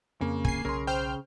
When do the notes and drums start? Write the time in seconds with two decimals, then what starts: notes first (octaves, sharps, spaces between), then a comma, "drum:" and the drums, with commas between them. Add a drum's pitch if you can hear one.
0.21 F2 C#3 A#3 C4
0.45 G#5 C7, drum: kick
0.65 B1 C#3 A#4 C6
0.87 C5 G5 F6 G6